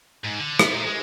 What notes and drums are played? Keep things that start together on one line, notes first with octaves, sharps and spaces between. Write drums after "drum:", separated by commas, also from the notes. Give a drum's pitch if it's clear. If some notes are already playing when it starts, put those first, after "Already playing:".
G#2
D3
B3, drum: rim click
A#2
G#3